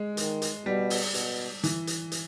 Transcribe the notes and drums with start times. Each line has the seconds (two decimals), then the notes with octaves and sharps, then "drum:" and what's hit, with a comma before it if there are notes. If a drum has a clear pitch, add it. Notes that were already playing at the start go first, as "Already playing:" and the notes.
Already playing: G#3
0.17 D#3, drum: hi-hat
0.42 drum: hi-hat
0.66 B2 G3
0.90 drum: open hi-hat
1.14 B2, drum: hi-hat
1.64 E3, drum: hi-hat
1.87 drum: hi-hat
2.12 drum: hi-hat